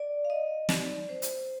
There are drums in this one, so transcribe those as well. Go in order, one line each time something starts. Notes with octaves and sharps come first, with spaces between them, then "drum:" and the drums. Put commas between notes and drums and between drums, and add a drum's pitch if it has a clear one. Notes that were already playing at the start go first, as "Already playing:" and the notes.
Already playing: D5
F5
D#5
G3 C4 D#4 D5, drum: snare
C5
drum: hi-hat